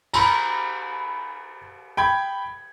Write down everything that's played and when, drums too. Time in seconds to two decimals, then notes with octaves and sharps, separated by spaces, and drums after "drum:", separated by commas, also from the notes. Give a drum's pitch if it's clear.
0.13 A#5 B5, drum: cymbal
1.97 G5 B5 G#6